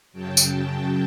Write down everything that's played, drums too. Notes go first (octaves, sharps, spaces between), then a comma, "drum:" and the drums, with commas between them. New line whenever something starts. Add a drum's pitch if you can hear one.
F#2 C#3 F#3 G5 A5
drum: tambourine